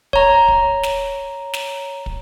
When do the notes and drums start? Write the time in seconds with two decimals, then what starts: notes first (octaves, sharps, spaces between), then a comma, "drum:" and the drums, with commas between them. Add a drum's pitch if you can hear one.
0.13 C#5 A#5, drum: kick
0.48 drum: kick
0.83 drum: snare
1.53 drum: snare
2.06 drum: kick